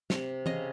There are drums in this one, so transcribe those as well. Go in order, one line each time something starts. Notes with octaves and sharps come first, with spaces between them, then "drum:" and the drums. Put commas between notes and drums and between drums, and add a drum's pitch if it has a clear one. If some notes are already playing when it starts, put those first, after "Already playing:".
C3, drum: snare
C#3 D#5, drum: tom E3